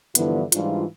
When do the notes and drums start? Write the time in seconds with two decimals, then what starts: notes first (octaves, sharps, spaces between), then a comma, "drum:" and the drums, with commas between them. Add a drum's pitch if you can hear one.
0.15 G2 D3 E3 F3 B3 E4, drum: hi-hat
0.52 G#2 E3 G3 D4 F4, drum: hi-hat